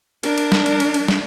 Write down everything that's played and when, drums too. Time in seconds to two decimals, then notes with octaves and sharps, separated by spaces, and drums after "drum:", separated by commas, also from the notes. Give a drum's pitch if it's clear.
0.23 D4 A#4, drum: cymbal
0.38 drum: cymbal
0.52 drum: snare
0.66 drum: cymbal
0.80 drum: cymbal
0.94 drum: cymbal
1.08 drum: snare